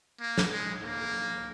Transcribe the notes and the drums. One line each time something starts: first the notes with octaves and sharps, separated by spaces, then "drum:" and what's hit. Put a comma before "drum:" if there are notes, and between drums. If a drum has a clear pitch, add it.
A#3
drum: snare
G#3
A#3